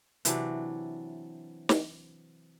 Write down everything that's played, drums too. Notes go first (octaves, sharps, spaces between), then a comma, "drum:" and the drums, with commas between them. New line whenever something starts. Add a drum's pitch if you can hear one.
C3 E3 F#3 D4, drum: hi-hat
drum: snare